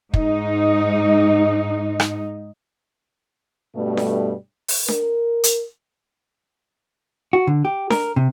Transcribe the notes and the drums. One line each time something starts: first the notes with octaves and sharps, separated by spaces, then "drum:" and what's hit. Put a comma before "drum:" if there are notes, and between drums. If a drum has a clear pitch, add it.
G#2 D#4, drum: kick
drum: rim click
G2 B2 G3 A3
drum: snare D4
drum: open hi-hat
A#4, drum: snare D4
drum: hi-hat
F#4
D3
G4
A#4, drum: snare D4
C3